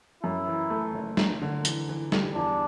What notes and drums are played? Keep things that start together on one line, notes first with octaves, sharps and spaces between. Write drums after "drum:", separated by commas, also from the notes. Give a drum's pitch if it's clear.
F#2 E4
E3
A3
F#1
F#1, drum: snare
D3
E3, drum: hi-hat
E3
G3, drum: snare
E2 D4